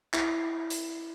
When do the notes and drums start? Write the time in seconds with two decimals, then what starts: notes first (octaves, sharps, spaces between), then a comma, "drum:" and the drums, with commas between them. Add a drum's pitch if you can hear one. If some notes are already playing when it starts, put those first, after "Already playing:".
0.13 E4, drum: clap
0.70 drum: hi-hat